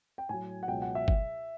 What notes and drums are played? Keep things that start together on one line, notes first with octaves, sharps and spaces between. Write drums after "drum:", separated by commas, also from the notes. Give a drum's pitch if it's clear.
G5
A2 F#3 G#5
F#5
C#2 B2 F#3 G5
F#5
E5
drum: kick G1